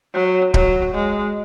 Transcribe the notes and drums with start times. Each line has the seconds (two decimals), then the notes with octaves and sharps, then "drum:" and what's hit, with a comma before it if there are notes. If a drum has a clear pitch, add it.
0.14 F#3
0.54 F#3, drum: kick D1
0.94 G#3